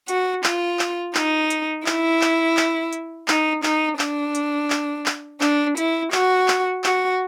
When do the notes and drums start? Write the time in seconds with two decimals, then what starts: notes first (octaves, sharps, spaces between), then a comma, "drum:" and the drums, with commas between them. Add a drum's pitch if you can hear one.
0.08 F#4, drum: hi-hat
0.44 F4, drum: clap
0.79 drum: clap
1.15 D#4, drum: clap
1.50 drum: hi-hat
1.86 E4, drum: clap
2.21 drum: clap
2.57 drum: clap
2.93 drum: hi-hat
3.28 D#4, drum: clap
3.63 D#4, drum: clap
3.99 D4, drum: clap
4.35 drum: hi-hat
4.70 drum: clap
5.06 drum: clap
5.41 D4, drum: clap
5.77 E4, drum: hi-hat
6.12 F#4, drum: clap
6.48 drum: clap
6.84 F#4, drum: clap